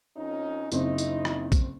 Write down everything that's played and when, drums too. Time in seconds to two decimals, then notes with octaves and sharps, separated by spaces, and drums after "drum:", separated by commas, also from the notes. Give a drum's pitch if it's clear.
0.17 F2 C#4 D#4
0.72 F#1 C4 D#4 E4, drum: tambourine
0.98 drum: tambourine
1.25 drum: rim click
1.52 drum: kick B1, tambourine